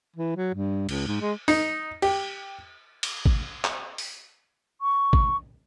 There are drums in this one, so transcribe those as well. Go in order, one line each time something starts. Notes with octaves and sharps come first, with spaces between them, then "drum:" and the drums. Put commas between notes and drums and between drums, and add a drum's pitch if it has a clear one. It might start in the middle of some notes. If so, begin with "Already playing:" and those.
E3
F#3
G2
C#2, drum: cymbal
G#2
G#3
D#4, drum: open hi-hat
G4, drum: cymbal
drum: cymbal
drum: kick
drum: clap
drum: open hi-hat
C#6
drum: kick